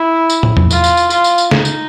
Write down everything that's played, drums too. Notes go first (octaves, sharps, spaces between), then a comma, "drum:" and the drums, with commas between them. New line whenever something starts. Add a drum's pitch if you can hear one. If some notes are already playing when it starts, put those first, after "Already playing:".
Already playing: E4
drum: tambourine
drum: tom
drum: tom
F4, drum: tambourine
drum: tambourine
drum: tambourine
F4, drum: tambourine
drum: tambourine
drum: tambourine
D#4, drum: snare
drum: tambourine